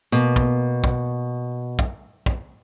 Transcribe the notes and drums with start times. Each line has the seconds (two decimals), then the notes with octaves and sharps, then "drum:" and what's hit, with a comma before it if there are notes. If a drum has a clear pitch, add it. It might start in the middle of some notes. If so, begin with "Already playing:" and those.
0.12 B2 A#3
0.36 drum: kick
0.84 drum: kick
1.79 drum: kick
2.26 drum: kick